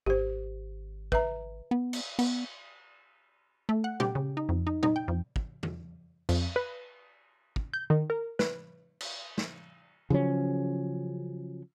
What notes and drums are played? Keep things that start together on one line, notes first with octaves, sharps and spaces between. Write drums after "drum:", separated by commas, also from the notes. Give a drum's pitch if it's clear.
G#1 G4 C5
B4 E5 A#5, drum: kick
B3
drum: cymbal
B3, drum: cymbal
A3
F#5
G4, drum: tom A#2
C#3
D#4
F2
D#4
D#4, drum: tom A#2
G5
F2
drum: kick
drum: tom E2
F2, drum: cymbal
B4
drum: kick
G6
D#3
A#4
B4, drum: snare
drum: cymbal
drum: snare
C#3 F3 F#3 C#4